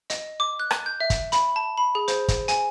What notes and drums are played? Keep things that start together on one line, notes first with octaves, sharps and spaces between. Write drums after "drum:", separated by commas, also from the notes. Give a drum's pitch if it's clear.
D#5, drum: hi-hat
D6
F#6
drum: rim click
G6
E5
drum: kick, hi-hat
B5, drum: hi-hat
A5
B5
G#4
C5, drum: hi-hat
drum: kick, hi-hat
G#5, drum: hi-hat